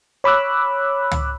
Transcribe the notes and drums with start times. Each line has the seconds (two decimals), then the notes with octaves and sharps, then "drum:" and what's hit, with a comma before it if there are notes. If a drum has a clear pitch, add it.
0.24 C#5 B5 D6 E6 F#6
1.11 drum: tom